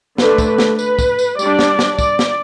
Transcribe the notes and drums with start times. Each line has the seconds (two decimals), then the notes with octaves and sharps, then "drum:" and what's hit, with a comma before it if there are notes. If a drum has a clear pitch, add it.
0.18 D3 A3 D4 B4, drum: snare
0.38 drum: kick, tambourine
0.48 B4
0.58 drum: snare
0.79 B4, drum: tambourine
0.99 drum: kick, tambourine
1.19 drum: tambourine
1.39 G3 D4 D5, drum: tambourine
1.59 drum: snare
1.79 drum: snare
1.99 D5, drum: kick, tambourine
2.19 drum: snare